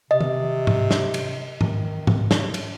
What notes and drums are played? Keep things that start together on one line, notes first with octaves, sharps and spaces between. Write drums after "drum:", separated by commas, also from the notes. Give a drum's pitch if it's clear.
C3 D#5
drum: tom
drum: tom G#2
drum: snare
drum: cymbal
D#3, drum: tom G#2
drum: tom G#2
drum: snare
drum: cymbal